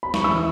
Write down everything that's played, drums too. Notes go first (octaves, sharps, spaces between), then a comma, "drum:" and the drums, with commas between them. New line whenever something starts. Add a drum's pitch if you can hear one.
B5
C#6, drum: snare
E3 C#4 E6